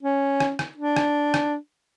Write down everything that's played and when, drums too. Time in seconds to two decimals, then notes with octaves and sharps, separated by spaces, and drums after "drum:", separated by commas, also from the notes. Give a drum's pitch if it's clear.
0.03 C#4
0.40 drum: rim click
0.59 drum: rim click
0.78 D4
0.96 drum: rim click
1.34 drum: rim click